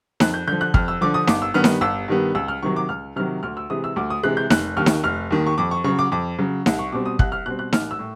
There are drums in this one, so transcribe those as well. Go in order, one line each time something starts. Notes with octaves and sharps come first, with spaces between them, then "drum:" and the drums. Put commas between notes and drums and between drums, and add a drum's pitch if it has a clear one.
F2 F#6, drum: snare D#4
G6
D3 F3 G6
F#6
F2 F6, drum: kick
E6
D3 F3 D6
D#6
G1 D6, drum: snare D#4
E6
G2 D#3 G3 B3 F6
drum: snare D#4
G1 E6
G2 D#3 G3 B3
C#2 E6
F6
C3 D#3 F#3 C#6
D6
C#2 F6
C3 D#3 F#3 F6
D2 F6
E6
C3 E3 G#3 D#6
E6
D2 D6
D#6
C3 E3 G#3 F#6
G6
F1 F#6, drum: snare D#4
D#2 D#3 F6
drum: snare D#4
F1 F6
D#2 D#3
C#6
F2 D6
C#6
C#3 F#3 C#6
D6
F2 D6
C#3 F#3
C2, drum: snare D#4
C#6
B2 G3 C4 D6
D#6
C2 F#6, drum: kick
F6
B2 G3 C4 F#6
F#6
A1 F6, drum: snare D#4
E6
A2